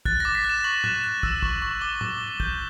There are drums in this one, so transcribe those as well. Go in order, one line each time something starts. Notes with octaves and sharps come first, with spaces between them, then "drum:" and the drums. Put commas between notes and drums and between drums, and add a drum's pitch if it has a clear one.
F#6 A6, drum: kick
D6 A#6
B6
F#6
E7
C#6 F#7
F#6, drum: tom
F#6
E6, drum: kick
C#6, drum: kick
C#6
D6 G7
D6, drum: tom
D6
G6, drum: kick